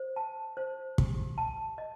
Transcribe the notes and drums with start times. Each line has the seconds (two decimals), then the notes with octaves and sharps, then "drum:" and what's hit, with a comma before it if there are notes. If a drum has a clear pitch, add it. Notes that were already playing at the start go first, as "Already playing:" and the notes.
Already playing: C5
0.16 A5
0.57 C5
0.98 G4, drum: kick
1.38 A5
1.78 D#5